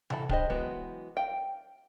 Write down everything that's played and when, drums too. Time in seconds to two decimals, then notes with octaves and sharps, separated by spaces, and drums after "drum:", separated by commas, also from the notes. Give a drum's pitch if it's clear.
0.10 E3 F#3 A4 B5, drum: tom C3
0.29 D4 G4 G#4 C5 D#5, drum: kick D1
0.50 E3 F#3 G#3 B3 F#4
1.17 F5 G5